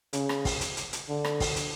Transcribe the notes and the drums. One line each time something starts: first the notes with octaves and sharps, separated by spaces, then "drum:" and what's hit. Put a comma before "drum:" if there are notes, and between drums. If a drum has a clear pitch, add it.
C#3, drum: hi-hat
drum: rim click
drum: kick, open hi-hat
drum: hi-hat
drum: hi-hat
drum: hi-hat
D3
drum: rim click
drum: kick, open hi-hat
drum: hi-hat